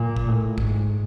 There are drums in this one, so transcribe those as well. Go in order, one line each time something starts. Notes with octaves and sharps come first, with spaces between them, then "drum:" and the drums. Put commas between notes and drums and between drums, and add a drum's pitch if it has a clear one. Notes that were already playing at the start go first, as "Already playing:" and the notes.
Already playing: A#2
drum: kick
A2
G#2, drum: kick